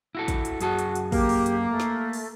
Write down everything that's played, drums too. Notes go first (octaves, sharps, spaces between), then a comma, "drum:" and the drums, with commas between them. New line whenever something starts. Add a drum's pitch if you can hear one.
E4 F#4 A4
drum: kick, hi-hat
drum: hi-hat
F#2 F#4 G#4 A5, drum: hi-hat
drum: hi-hat
drum: hi-hat
A#3 G4, drum: kick, open hi-hat
drum: open hi-hat
drum: hi-hat
A3
drum: snare
drum: open hi-hat